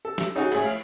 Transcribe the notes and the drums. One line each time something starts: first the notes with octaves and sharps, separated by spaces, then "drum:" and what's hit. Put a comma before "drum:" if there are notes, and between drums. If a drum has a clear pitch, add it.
A4
drum: snare
C#3 D#4 F#4 G#4
A2 E4 G#4, drum: cymbal
F5